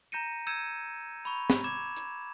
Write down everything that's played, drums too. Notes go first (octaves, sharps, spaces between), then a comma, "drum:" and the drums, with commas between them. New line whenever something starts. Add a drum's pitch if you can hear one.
A#5 G6 A#6 C#7 D#7
E6 G6 G#6 C#7 D#7 E7
B5 C#6 F7
drum: snare
D6 G#6 E7
drum: hi-hat